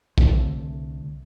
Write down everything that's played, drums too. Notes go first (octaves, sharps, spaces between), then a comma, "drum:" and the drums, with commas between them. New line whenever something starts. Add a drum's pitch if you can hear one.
C2 D3 A3 C4, drum: kick